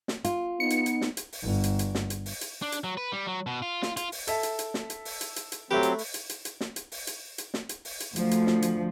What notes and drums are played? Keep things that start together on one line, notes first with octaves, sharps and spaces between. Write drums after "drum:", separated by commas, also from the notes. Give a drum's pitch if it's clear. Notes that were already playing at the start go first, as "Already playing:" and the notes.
drum: snare
F4, drum: hi-hat
B3 D#4 C#7
drum: hi-hat
drum: hi-hat
drum: snare
drum: hi-hat
drum: open hi-hat
G1
drum: hi-hat
drum: hi-hat
drum: snare
drum: hi-hat
drum: open hi-hat
drum: hi-hat
D4
drum: hi-hat
F#3
B4
G3
F#3
B2
F4
F4, drum: snare
F4, drum: hi-hat
drum: open hi-hat
A4 E5, drum: hi-hat
drum: hi-hat
drum: hi-hat
drum: snare
drum: hi-hat
drum: open hi-hat
drum: hi-hat
drum: hi-hat
drum: hi-hat
F#3 A3 C4 G4 B4
drum: hi-hat
drum: open hi-hat
drum: hi-hat
drum: hi-hat
drum: hi-hat
drum: snare
drum: hi-hat
drum: open hi-hat
drum: hi-hat
drum: hi-hat
drum: snare
drum: hi-hat
drum: open hi-hat
drum: hi-hat
D2 F3, drum: hi-hat
drum: hi-hat
drum: snare
drum: hi-hat